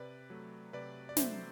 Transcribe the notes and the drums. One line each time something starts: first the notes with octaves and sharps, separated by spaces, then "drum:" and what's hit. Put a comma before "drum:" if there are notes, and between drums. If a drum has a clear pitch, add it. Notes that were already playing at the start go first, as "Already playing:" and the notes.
Already playing: C3 B4 D5
F#3 A3
C3 B4 D5
D5
F#3 A3 C5 E5, drum: snare